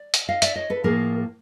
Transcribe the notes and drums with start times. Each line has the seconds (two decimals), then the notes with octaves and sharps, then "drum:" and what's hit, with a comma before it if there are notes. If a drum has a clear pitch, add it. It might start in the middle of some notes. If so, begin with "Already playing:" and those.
Already playing: D5
0.14 drum: hi-hat
0.29 D#5 F5
0.42 D5 E5, drum: hi-hat
0.56 C#5 D#5
0.70 A4 B4
0.84 A2 F3 A#3 G#4 A#4